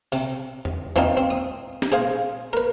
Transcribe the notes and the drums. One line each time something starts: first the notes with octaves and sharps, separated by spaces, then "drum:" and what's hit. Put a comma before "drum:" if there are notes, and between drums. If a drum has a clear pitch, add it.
C3, drum: open hi-hat
drum: tom E2
E3 C4 D4 D#4 F4, drum: tom E2
C4
D#6
drum: snare
G#4 C5 F5 G#5
A#4 B4